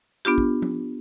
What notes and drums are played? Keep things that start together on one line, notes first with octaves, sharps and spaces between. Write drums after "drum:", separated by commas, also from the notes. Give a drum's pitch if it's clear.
B3 D4 F4 G4
drum: kick
drum: tom F3